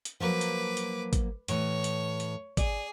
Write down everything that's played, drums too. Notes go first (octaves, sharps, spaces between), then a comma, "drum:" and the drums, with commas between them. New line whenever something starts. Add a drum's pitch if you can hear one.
drum: hi-hat
F3 F#3 A#3 B4 D6
drum: hi-hat
drum: hi-hat
drum: kick, hi-hat
A2 E3 C#5, drum: hi-hat
drum: hi-hat
drum: hi-hat
G#4 D5, drum: kick, hi-hat